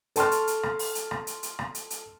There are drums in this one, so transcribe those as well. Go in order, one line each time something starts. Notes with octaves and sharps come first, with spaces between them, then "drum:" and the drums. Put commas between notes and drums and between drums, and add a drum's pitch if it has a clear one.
A4 A5 C6 C#6 F6, drum: hi-hat
drum: hi-hat
drum: hi-hat
drum: rim click
drum: open hi-hat
drum: hi-hat
drum: rim click
drum: hi-hat
drum: hi-hat
drum: rim click
drum: hi-hat
drum: hi-hat